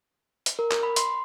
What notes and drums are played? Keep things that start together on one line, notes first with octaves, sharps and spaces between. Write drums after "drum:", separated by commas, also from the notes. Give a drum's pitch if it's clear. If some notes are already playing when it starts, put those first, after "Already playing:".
drum: hi-hat
A#4
drum: clap
B5
C6, drum: hi-hat